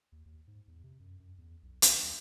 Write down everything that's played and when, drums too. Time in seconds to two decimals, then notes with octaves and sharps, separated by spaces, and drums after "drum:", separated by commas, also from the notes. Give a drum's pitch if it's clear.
0.12 D#2
0.26 D#2
0.47 G#2
0.67 E2
0.83 C3
1.00 F#2
1.20 F#2
1.38 E2
1.63 B1
1.82 B1, drum: hi-hat
2.02 D#2